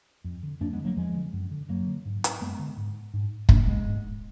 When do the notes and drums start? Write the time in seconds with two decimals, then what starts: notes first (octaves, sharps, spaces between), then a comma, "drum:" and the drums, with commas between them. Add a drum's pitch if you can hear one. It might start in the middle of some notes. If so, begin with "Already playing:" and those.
0.24 F2
0.43 D3
0.61 F2 A#3 D4
0.73 G#3 B3
0.79 D3
0.85 F#3 A#3
0.97 F2 F3 G#3
1.15 D3
1.33 F#2
1.51 D3
1.69 F#2 F#3 A#3
1.87 D3
2.06 G#2
2.24 drum: hi-hat
2.41 F#2 G#3 B3
2.59 D3
2.77 G#2
3.14 G#2
3.49 G#2 A#3 D4, drum: kick
3.67 G#3 B3
3.86 G#2